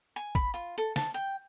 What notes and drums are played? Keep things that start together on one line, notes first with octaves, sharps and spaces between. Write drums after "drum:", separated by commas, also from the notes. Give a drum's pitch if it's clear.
G#5
B5, drum: kick
F4
A4
A5, drum: snare
G5